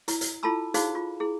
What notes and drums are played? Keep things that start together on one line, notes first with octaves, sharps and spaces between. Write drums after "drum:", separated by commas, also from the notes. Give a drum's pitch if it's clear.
E4 A#5, drum: hi-hat
drum: hi-hat
E4 F4 A4 A5 B5 E6
D#4 E4 F#4 G#4 C5 F5, drum: hi-hat
F4
E4 G#4